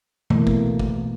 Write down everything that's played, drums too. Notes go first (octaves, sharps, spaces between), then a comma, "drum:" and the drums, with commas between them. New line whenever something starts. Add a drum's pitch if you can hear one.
B2 E3 A3 A#3, drum: tom
drum: kick
drum: kick